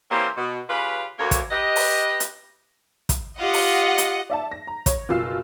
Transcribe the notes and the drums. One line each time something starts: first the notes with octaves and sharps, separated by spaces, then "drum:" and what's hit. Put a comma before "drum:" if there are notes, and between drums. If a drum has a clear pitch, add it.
E3 A#3 C4 C#4 G4 C5
B2
C#3 F4 G4 B4
D2 A#3 C#5
drum: kick, hi-hat
G4 B4 D#5
drum: open hi-hat
drum: hi-hat
drum: kick, hi-hat
F4 G4 D#5 F#5
drum: open hi-hat
drum: hi-hat
D5 E5 A5
A#6
A#5
C#5, drum: kick, hi-hat
F#1 B2 F4 E6 C7 E7